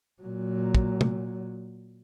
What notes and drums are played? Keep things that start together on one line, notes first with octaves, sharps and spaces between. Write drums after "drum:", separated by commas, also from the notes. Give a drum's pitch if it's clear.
A#2 F#3
drum: kick
drum: tom